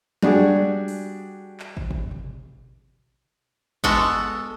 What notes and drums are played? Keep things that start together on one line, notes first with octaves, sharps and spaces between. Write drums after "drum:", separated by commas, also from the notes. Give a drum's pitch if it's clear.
G3 D4 F#4 G#4, drum: snare
drum: open hi-hat
drum: clap
drum: kick
drum: kick
drum: tom B2
G#3 B3 F#4 A4, drum: kick